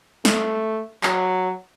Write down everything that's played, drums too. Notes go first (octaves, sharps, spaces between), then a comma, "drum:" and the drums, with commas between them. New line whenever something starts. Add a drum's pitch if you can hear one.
A3, drum: snare
F#3, drum: clap